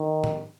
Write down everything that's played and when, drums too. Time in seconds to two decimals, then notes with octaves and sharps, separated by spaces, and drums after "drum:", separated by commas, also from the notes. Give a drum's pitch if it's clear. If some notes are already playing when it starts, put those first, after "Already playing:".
Already playing: D#3
0.24 drum: tom